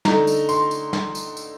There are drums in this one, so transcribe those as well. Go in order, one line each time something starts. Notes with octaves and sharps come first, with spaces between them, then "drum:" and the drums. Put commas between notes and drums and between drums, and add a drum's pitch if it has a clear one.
D3 A3 D#4 A#5, drum: snare
drum: tambourine
C6, drum: tambourine
drum: tambourine
drum: snare
drum: tambourine
drum: tambourine